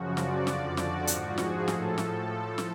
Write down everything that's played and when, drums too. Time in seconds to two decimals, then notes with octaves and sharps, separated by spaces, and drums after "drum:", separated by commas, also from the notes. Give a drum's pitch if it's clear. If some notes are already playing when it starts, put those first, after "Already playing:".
Already playing: F#2 C#3 F3 F#4
0.17 D5, drum: snare
0.47 F2 D3 F3 D5, drum: snare
0.77 F#4, drum: snare
1.07 G#2 F3 F#4, drum: hi-hat
1.38 G#4, drum: snare
1.68 A2 F3 A4, drum: snare
1.98 drum: snare
2.58 drum: snare